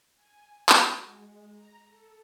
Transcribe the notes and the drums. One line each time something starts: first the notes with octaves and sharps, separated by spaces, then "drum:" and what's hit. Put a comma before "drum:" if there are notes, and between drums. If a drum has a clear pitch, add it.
G#5
F#4, drum: clap
G#3
A#5
A4